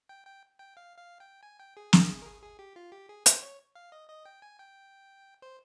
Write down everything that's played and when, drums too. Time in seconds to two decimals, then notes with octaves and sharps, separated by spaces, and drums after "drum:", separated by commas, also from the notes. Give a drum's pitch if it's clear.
0.09 G5
0.27 G5
0.59 G5
0.77 F5
0.98 F5
1.20 G5
1.43 G#5
1.60 G5
1.77 G#4
1.93 A#4, drum: snare
2.09 G#4
2.22 A#4
2.26 G#4
2.42 G#4
2.59 G4
2.76 F4
2.92 G4
3.09 G#4
3.26 C5, drum: hi-hat
3.43 C#5
3.75 F5
3.92 D#5
4.09 D#5
4.25 G5
4.42 G#5
4.59 G5
5.42 C5